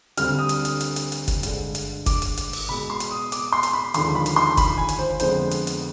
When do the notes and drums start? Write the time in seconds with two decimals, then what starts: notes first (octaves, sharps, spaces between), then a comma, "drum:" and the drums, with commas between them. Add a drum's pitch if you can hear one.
0.17 D2 D3 G3 C4 F6, drum: hi-hat
0.39 D#6
0.49 drum: hi-hat
0.65 drum: hi-hat
0.81 drum: hi-hat
0.96 drum: hi-hat
1.12 drum: hi-hat
1.28 drum: kick F#1, hi-hat
1.43 G2 D3 G#3, drum: hi-hat
1.75 drum: hi-hat
2.06 D6, drum: kick F#1, hi-hat
2.22 drum: hi-hat
2.37 drum: hi-hat
2.53 drum: open hi-hat
2.69 B2 G#3 B3 B5
2.90 C6
3.00 drum: hi-hat
3.11 D#6
3.32 D6, drum: hi-hat
3.53 C6
3.63 drum: hi-hat
3.73 B5
3.94 D#2 D3 F3 G#3 C6, drum: hi-hat
4.15 B5
4.26 drum: hi-hat
4.36 C6
4.57 B5, drum: kick F#1, hi-hat
4.78 G#5
4.89 drum: hi-hat
4.99 C5
5.20 F2 D3 G#3 B3 C5, drum: hi-hat
5.51 drum: hi-hat
5.67 drum: hi-hat